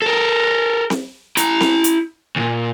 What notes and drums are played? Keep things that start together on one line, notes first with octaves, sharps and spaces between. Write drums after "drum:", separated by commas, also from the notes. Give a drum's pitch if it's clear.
A4 A#4
drum: snare C4
E4 A#5, drum: hi-hat
drum: snare C4
drum: hi-hat
D2 A#2